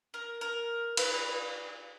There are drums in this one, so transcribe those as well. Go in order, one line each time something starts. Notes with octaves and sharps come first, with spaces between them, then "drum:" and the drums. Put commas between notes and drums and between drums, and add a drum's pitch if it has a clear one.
A#4
A#4
B4, drum: cymbal